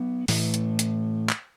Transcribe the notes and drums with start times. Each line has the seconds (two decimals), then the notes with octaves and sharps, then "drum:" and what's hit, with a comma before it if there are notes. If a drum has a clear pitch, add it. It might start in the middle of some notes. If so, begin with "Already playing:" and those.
Already playing: F#3 B3
0.28 A2 E3 A3, drum: open hi-hat
0.54 drum: hi-hat
0.79 drum: hi-hat
1.29 drum: clap